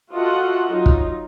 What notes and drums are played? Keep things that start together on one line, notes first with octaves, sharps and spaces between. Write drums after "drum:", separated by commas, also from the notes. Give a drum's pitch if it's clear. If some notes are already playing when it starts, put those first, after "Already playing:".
F4 F#4 A4 D#5 E5 F#5
F#3 D#4 F4
drum: kick